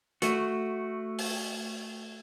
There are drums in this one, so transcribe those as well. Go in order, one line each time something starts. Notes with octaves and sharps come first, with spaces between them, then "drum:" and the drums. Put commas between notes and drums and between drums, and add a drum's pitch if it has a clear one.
A3 F#4, drum: hi-hat
drum: open hi-hat